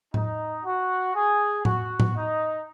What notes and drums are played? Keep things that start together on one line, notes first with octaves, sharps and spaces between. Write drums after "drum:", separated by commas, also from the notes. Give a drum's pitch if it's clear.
D#4, drum: tom A2
F#4
G#4
F#4, drum: tom A2
drum: tom A2
D#4